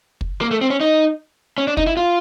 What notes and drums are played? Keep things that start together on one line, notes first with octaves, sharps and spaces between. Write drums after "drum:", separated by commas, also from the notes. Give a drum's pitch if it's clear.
drum: kick
A#3
A3
C4
C#4
D#4
C#4
D4
D#4, drum: kick
E4
F4